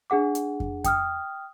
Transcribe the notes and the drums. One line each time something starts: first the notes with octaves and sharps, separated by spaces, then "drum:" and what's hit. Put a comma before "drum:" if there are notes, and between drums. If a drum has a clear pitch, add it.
D4 G#4 F#5 D6
drum: hi-hat
drum: kick F2
G5 D#6 F6, drum: kick F2, hi-hat